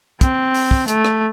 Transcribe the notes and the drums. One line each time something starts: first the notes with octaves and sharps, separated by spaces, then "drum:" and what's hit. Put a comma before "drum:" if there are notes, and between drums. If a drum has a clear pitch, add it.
C4, drum: kick, hi-hat
drum: open hi-hat
drum: kick
A3, drum: hi-hat
drum: rim click